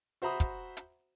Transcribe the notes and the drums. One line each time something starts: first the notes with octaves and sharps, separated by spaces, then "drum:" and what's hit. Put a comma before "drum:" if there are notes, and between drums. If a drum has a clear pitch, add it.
F#4 C5 E5 A#5 B5 D#6
drum: kick, hi-hat
drum: hi-hat